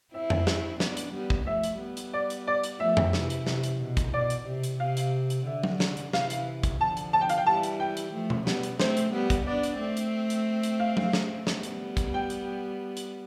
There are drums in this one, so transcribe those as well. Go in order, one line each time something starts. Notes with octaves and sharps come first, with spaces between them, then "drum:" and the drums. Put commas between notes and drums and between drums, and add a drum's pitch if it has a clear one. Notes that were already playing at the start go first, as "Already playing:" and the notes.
C4 E4 E5
drum: tom F2
drum: snare
B3 D4, drum: snare
drum: hi-hat
G3 B3
drum: kick
F3 A3 E5
drum: hi-hat
G3 B3
drum: hi-hat
D5
drum: hi-hat
D5
drum: hi-hat
F3 A3 E5
drum: tom F2
C3 E3, drum: snare
drum: hi-hat
C3, drum: snare
drum: hi-hat
B2
drum: kick, hi-hat
B2 D5
drum: hi-hat
C3
drum: hi-hat
C3 F5
drum: hi-hat
drum: hi-hat
D3 E5
drum: tom F#3
drum: snare
drum: hi-hat
C3 E3 F5, drum: snare
drum: hi-hat
drum: kick, hi-hat
D3 F3 A5
drum: hi-hat
A5
G5
F5, drum: hi-hat
G5
E3 G3 A5
drum: hi-hat
G5
drum: hi-hat
F3 A3
drum: tom B2
G3 B3, drum: snare
drum: hi-hat
A3 C4 C5, drum: snare
drum: hi-hat
G3 B3
drum: kick, hi-hat
B3 D4 D5
drum: hi-hat
A3 C4
drum: hi-hat
drum: hi-hat
drum: hi-hat
F5
drum: tom F#3
drum: snare
G3 B3, drum: snare
drum: hi-hat
drum: kick, hi-hat
G5
drum: hi-hat
drum: hi-hat